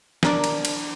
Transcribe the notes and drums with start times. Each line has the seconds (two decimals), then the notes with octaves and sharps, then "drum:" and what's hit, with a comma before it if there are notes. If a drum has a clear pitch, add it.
0.23 D4 A#4 D5, drum: snare
0.44 drum: cymbal
0.65 drum: cymbal